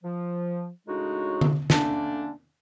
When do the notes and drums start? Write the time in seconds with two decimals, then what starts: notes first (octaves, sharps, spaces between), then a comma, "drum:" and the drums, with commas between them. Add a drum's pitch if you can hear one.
0.04 F3
0.88 A2 C#3 G#3 D4 D#4 F#4
1.41 drum: tom D3
1.70 D3 A3 A#3 C#4 D4, drum: snare